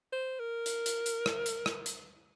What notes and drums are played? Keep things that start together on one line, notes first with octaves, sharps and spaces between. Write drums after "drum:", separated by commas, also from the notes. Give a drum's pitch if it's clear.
C5
A#4
drum: hi-hat
drum: hi-hat
drum: hi-hat
drum: rim click
drum: hi-hat
drum: rim click
drum: hi-hat